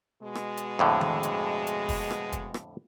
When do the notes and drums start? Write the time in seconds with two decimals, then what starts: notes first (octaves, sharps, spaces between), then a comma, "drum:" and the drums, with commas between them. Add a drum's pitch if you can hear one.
0.22 B2 G#3
0.35 drum: rim click
0.57 drum: hi-hat
0.79 F2 A2 D3
1.01 drum: tom D#3
1.23 drum: hi-hat
1.67 drum: hi-hat
1.89 drum: kick, open hi-hat
2.11 drum: rim click
2.32 drum: kick, hi-hat
2.54 drum: rim click